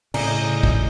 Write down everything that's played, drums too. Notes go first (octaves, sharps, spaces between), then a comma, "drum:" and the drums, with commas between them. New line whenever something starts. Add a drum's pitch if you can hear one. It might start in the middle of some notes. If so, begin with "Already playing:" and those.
A2 C#3 D5 D#5 G#5 A#5 G6, drum: cymbal
drum: kick